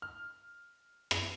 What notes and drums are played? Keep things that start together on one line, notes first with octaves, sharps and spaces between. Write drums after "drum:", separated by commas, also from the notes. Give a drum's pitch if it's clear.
F6
drum: rim click